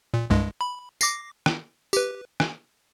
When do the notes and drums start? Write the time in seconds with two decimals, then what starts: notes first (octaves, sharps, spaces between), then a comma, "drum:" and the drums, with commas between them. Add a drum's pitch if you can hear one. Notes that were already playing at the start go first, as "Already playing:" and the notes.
0.14 A#2
0.30 C2 G2 G#3
0.61 B5
1.01 D6 A#6 C7, drum: tambourine
1.46 drum: rim click
1.93 G4 B4, drum: tambourine
2.40 drum: rim click